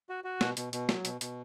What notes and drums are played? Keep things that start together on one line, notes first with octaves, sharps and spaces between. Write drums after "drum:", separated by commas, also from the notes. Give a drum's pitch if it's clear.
F#4
F#4
B2, drum: snare
B2, drum: hi-hat
B2, drum: hi-hat
F#3, drum: snare
B2, drum: hi-hat
B2, drum: hi-hat